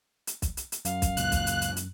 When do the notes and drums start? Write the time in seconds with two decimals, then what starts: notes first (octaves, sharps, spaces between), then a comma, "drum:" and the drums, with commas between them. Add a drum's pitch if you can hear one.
0.27 drum: hi-hat
0.42 drum: kick, hi-hat
0.57 drum: hi-hat
0.72 drum: hi-hat
0.85 F#2 F5, drum: hi-hat
1.02 drum: kick, hi-hat
1.17 C#2 A#2 F#6, drum: hi-hat
1.32 drum: kick, hi-hat
1.47 drum: hi-hat
1.62 drum: hi-hat
1.77 drum: hi-hat